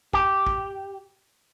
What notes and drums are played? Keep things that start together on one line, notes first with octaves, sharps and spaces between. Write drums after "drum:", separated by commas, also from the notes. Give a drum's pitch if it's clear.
G4, drum: kick
drum: kick